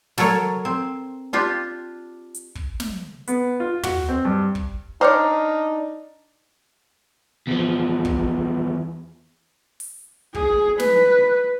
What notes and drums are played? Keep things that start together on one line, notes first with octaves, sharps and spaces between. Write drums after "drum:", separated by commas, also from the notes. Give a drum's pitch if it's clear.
F#3 A4 A#4 C#5, drum: snare
C4
D4 F4 G4
drum: hi-hat
drum: kick
drum: snare
B3, drum: hi-hat
F4
F#4, drum: tom
C4
G2
drum: kick
D4 D#4 C5 C#5 A#5 D6 F6
E2 F3
drum: kick
drum: open hi-hat
G#4, drum: kick
B4, drum: snare